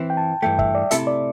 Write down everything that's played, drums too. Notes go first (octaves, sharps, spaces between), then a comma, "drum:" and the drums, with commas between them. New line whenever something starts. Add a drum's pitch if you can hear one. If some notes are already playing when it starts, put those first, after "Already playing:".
Already playing: E3 C4 E4
G5
A5
G2 E3 A3 G5
E5, drum: kick
D5
C3 A3 E4 A4 E5, drum: hi-hat
D5